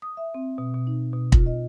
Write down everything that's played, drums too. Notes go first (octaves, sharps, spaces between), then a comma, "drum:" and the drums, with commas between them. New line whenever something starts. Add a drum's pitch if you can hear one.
D#6
E5
C4
B2
B2
D#4
B2
F4, drum: kick
D#5